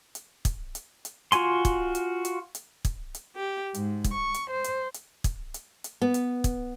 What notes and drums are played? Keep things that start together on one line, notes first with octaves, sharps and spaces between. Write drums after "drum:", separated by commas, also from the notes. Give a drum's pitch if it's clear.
drum: hi-hat
drum: kick, hi-hat
drum: hi-hat
drum: hi-hat
F4 F#4 G#5 C6, drum: hi-hat
drum: kick, hi-hat
drum: hi-hat
drum: hi-hat
drum: hi-hat
drum: kick, hi-hat
drum: hi-hat
G4
G#2, drum: hi-hat
drum: kick, hi-hat
C#6
drum: hi-hat
C5
drum: hi-hat
drum: hi-hat
drum: kick, hi-hat
drum: hi-hat
drum: hi-hat
B3
drum: hi-hat
drum: kick, hi-hat